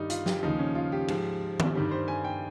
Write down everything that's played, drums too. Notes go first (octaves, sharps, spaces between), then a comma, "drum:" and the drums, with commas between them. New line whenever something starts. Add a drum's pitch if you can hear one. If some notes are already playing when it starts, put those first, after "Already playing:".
Already playing: G2 D#3 G3 D#4
F4, drum: hi-hat
G4, drum: snare
D#2 C#3 F3 D#4
C#4
F4
G4
G#2 F3, drum: cymbal
drum: tom D#3
G2 D#3 G3
C5
G#5
G5